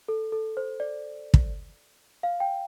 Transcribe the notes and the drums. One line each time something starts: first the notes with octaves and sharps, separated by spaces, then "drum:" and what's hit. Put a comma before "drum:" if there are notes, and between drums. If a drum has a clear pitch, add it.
A4
A4
C5
D5
drum: kick
F5
G5